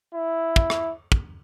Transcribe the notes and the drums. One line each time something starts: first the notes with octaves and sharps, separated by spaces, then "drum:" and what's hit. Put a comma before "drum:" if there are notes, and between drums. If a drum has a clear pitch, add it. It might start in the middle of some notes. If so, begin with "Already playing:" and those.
E4
drum: kick
drum: rim click
drum: kick